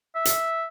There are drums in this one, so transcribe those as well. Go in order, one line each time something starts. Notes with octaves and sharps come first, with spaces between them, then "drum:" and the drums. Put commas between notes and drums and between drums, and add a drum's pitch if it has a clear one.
E5
drum: hi-hat